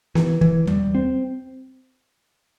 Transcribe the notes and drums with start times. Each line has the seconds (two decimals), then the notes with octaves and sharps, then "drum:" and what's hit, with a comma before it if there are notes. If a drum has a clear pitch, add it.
0.15 E3, drum: snare B3
0.41 E3, drum: kick
0.67 G3, drum: tom D#2
0.95 C4